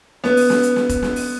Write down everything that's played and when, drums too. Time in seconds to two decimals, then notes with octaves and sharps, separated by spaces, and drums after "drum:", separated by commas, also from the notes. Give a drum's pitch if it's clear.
0.24 B3, drum: snare
0.37 drum: open hi-hat
0.50 drum: snare
0.63 drum: hi-hat
0.76 drum: snare
0.89 drum: kick E1, hi-hat
1.03 drum: snare
1.16 drum: open hi-hat